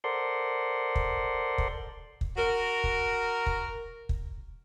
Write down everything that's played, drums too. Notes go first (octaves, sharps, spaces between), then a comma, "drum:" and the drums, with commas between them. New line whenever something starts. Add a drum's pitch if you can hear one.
A4 A#4 C5 D5 F#5 C6
drum: kick
drum: kick
drum: kick
F#4 A#4
drum: kick
drum: kick
drum: kick